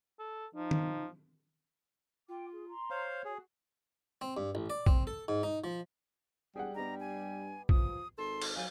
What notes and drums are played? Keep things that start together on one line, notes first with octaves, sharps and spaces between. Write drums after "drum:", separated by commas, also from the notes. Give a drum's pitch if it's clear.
A4
F3 D#4
drum: tom D#3
F4 G5 D6
G#4
A#5 C6
C5 C#5 F5
F#4 G#4
C4
G2
A1
D5
C4, drum: kick
A4
G#2
D#4
F3
E1 G3 G#4 F#5
G2 B3 G4 D#5 A#5
G#5
F3 D#6, drum: kick
G#1 A4 C6
drum: cymbal
F#3 F5 G#5